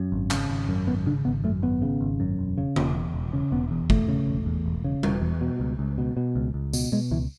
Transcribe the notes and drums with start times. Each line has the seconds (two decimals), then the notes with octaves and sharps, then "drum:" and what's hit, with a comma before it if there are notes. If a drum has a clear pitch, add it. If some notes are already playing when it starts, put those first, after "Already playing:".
Already playing: F#2
0.12 G#1
0.31 C#3, drum: clap
0.49 G#1
0.69 F#2
0.87 G#1 B3
1.06 C#3 D4
1.25 G#1 B3
1.44 F#2 A3
1.62 G#1 B3
1.82 C#3
2.01 G#1
2.20 F#2
2.39 E1
2.58 C#3
2.76 E1, drum: tom C#3
2.95 E2
3.14 E1
3.33 C#3
3.52 E1 B3
3.71 E2
3.90 E1 A3, drum: kick
4.08 C#3
4.28 E1
4.46 E2
4.66 E1
4.84 C#3
5.03 E1, drum: tom G3
5.22 E2
5.41 B2
5.60 C#2
5.79 C#2
5.98 B2
6.17 B2
6.36 C#2
6.54 C#2
6.73 B2, drum: tambourine
6.92 B2 G#3
7.11 C#2 E3